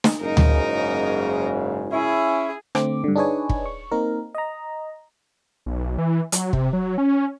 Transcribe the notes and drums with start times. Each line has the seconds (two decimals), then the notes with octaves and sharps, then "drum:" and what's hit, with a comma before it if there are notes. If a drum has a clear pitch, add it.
0.04 drum: snare
0.21 F#1 G#2 C#3 D#4 A#4
0.37 drum: tom D2
1.92 C#4 E4 G#4
2.75 D3 A3 C4 D6, drum: rim click
3.04 G2 D3
3.16 D4 D#4 G#4 B4 C#5 G#5
3.49 drum: kick
3.66 C#6
3.91 A#3 C4 D#4 A#4
4.35 D#5 A#5
5.66 B1
5.98 E3
6.32 F#3, drum: hi-hat
6.53 C3, drum: kick
6.73 F#3
6.98 C#4